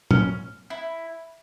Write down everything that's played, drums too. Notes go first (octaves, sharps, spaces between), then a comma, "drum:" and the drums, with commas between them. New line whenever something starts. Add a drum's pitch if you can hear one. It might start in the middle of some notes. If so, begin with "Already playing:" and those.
C#4, drum: tom
E4